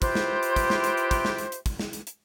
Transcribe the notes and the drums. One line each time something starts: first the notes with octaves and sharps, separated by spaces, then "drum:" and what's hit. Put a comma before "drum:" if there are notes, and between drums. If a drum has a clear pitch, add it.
E4 F4 G4 B4 C5, drum: kick, hi-hat
drum: snare
drum: hi-hat
drum: kick, hi-hat
drum: snare
drum: hi-hat
drum: hi-hat
drum: kick, hi-hat
drum: snare
drum: hi-hat
drum: hi-hat
drum: kick, hi-hat
drum: snare
drum: hi-hat
drum: hi-hat